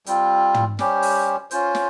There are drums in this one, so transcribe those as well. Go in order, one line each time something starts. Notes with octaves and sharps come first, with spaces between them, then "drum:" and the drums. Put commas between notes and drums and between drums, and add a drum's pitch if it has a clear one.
G3 C4 F4, drum: hi-hat
drum: tom
G3 C#4 G4 C5, drum: snare
drum: open hi-hat
C#4 F4 C5, drum: hi-hat
drum: snare